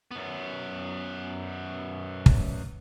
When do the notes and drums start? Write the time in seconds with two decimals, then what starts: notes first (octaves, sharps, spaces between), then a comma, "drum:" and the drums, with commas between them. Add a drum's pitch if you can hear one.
0.11 F#2 B3
2.26 drum: kick